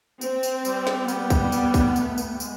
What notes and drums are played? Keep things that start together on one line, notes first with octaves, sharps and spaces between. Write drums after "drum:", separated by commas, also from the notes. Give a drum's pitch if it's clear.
C4, drum: tambourine
drum: tambourine
G3, drum: tambourine
drum: snare
G3 B3, drum: tambourine
drum: kick, tambourine
drum: tambourine
drum: kick, tambourine
G#3
A3, drum: tambourine
drum: tambourine
G3
G#3, drum: tambourine